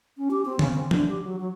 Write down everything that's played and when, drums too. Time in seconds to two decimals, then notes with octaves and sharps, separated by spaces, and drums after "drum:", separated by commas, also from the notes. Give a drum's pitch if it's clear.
0.18 C#4
0.31 G4
0.45 C4
0.59 C#3, drum: tom
0.74 C4
0.91 D3, drum: tom E3
1.09 G4
1.23 F#3
1.39 F#3